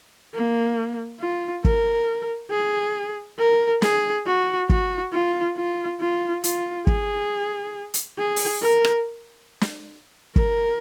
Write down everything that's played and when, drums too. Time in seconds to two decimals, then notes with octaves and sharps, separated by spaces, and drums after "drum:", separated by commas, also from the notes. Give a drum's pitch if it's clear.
0.34 A#3
1.20 F4
1.65 A#4, drum: kick
2.51 G#4
3.39 A#4
3.82 G#4, drum: snare
4.26 F#4
4.69 F#4, drum: kick
5.13 F4
5.56 F4
6.00 F4
6.44 F4, drum: hi-hat
6.87 G#4, drum: kick
7.94 drum: hi-hat
8.18 G#4
8.36 drum: open hi-hat
8.62 A#4
8.85 drum: rim click
9.61 drum: snare
10.36 A#4, drum: kick